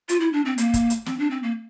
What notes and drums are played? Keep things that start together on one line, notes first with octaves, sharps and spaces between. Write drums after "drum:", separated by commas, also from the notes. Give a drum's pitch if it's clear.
F4, drum: hi-hat
E4
D4
C4
A#3, drum: hi-hat
drum: kick, hi-hat
drum: hi-hat
C4, drum: snare
D4
C4
A#3